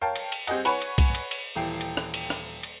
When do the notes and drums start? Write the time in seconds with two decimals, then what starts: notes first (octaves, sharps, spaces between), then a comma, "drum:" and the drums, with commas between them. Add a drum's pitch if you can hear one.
0.01 A#4 C#5 F5 G5 A5
0.15 drum: cymbal
0.32 drum: cymbal
0.47 C4 G4 G#4 D#5 F#5, drum: cymbal
0.65 B4 C#5 F#5 G#5 B5 C#6, drum: cymbal
0.82 drum: cymbal
0.98 drum: kick, cymbal
1.15 drum: cymbal
1.31 drum: cymbal
1.55 D#1 E3 G5 C7
1.81 drum: cymbal
1.97 drum: rim click
2.14 drum: cymbal
2.30 drum: rim click
2.63 drum: cymbal